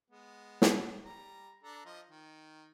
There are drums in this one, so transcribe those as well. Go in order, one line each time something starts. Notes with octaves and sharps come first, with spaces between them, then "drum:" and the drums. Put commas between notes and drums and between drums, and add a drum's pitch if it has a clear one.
G#3 B3
drum: snare
G3 A#5
D4 A4 A#5
F3 D#5
D#3